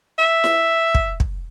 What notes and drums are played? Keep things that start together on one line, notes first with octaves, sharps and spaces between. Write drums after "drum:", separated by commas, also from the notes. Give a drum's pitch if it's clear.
E5
drum: snare E4
drum: kick
drum: kick